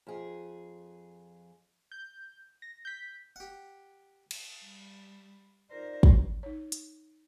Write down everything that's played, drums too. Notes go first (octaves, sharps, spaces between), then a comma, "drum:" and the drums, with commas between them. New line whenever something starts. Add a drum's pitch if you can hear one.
F2 G#4
G6
A#6
G6 B6
G4 F#5
drum: cymbal
G3
D#4 F4 A#4 C5 D5
drum: kick
D#4 C#5
drum: hi-hat